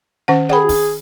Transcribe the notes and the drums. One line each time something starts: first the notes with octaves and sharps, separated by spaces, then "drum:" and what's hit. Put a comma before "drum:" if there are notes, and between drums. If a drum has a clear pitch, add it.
D#3 C#4 F#5
G#4 F#5 G5 B5, drum: tom
drum: kick, open hi-hat